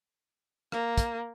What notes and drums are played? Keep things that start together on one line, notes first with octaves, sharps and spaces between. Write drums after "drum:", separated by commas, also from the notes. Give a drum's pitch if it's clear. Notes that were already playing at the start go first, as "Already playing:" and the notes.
A#3, drum: rim click
drum: kick, hi-hat